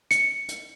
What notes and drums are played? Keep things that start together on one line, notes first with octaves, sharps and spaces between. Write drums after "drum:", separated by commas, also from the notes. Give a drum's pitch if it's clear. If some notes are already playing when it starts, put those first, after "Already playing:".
C#7, drum: hi-hat
drum: hi-hat